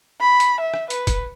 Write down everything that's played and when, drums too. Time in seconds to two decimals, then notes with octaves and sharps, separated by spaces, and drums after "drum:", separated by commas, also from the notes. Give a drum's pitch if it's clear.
0.21 B5
0.40 drum: hi-hat
0.60 E5
0.74 drum: rim click
0.90 B4, drum: hi-hat
1.07 drum: kick, hi-hat